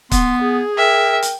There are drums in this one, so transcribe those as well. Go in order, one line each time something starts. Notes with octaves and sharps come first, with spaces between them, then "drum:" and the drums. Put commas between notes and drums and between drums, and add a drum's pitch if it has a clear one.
B3 C6, drum: kick, hi-hat
G#4
A#4 E5 G5
drum: hi-hat